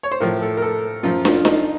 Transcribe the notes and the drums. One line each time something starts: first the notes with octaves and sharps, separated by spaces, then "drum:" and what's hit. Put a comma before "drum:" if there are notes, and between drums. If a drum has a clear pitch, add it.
C#5
C5
A2 F3 A#4
A4
A#4
A4
F#2 F3 F4
F4, drum: snare
D#4, drum: snare